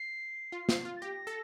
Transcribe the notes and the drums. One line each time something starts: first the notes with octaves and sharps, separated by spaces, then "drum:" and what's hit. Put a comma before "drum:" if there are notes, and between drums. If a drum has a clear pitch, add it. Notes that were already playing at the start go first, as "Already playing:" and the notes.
Already playing: C7
F4
F4, drum: snare
F4
A6
G4 A#6
A4